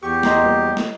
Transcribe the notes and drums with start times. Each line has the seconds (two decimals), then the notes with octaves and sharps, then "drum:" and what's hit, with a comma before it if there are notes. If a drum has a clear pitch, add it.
0.03 E2 G4 C#6
0.23 D#5 A#5 C6, drum: snare
0.43 F#3 G3 A#3
0.77 drum: snare